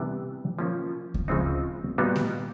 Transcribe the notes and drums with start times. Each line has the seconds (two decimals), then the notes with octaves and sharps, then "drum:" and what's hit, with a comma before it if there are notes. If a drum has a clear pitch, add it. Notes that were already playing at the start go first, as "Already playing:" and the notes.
Already playing: C3 E3 G3 B3 D4
0.59 F3 A#3 C#4 F4
1.14 drum: kick D2
1.28 C#3 F3 G#3 C4 D#4
1.98 A#2 G3 B3 D#4 F#4
2.16 drum: snare A3